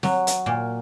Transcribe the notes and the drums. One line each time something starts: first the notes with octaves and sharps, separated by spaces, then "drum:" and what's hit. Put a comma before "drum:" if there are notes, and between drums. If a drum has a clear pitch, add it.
F#3, drum: snare C4
drum: hi-hat
A#2